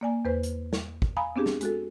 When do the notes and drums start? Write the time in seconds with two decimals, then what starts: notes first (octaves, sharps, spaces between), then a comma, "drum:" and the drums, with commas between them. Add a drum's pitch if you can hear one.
0.01 A#3 D5 G#5
0.25 E2 B4 C5
0.43 drum: hi-hat
0.73 drum: snare
1.02 drum: kick
1.17 F5 G#5 A#5 B5 D#6
1.36 B3 C4 D4 G4 G#4
1.46 drum: snare
1.61 G#3 F#4 A4, drum: hi-hat